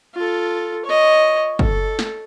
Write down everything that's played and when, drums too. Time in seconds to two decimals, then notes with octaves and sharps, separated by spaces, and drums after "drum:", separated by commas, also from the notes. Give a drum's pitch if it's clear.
0.15 F4 A4
0.85 C#5 D#5
1.59 A4, drum: kick
1.99 drum: snare